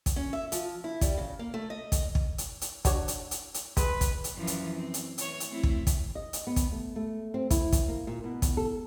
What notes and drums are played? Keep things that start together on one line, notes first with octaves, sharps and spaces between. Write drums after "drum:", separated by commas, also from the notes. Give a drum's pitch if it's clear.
drum: kick, hi-hat
C#4
E5
F3, drum: hi-hat
E4
G3, drum: kick, hi-hat
C#3
A#3
A3
D#5
drum: kick, hi-hat
drum: kick
drum: hi-hat
drum: hi-hat
D4 F#4 C#5, drum: kick, hi-hat
drum: hi-hat
drum: hi-hat
drum: hi-hat
G#3 B4, drum: kick, hi-hat
drum: kick, hi-hat
drum: hi-hat
F#2 E3 F3
drum: hi-hat
C4
drum: hi-hat
E3 C#5, drum: hi-hat
drum: hi-hat
A3 C4 E4
drum: kick
drum: kick, hi-hat
D#5
drum: hi-hat
B3
drum: kick, hi-hat
A3
A3
C4
E4, drum: kick, hi-hat
drum: kick, hi-hat
A#3
A#2
B2
drum: kick, hi-hat
A4